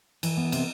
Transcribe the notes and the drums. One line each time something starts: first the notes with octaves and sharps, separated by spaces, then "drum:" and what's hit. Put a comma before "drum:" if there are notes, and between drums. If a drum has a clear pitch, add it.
E3, drum: cymbal
B3
C3, drum: cymbal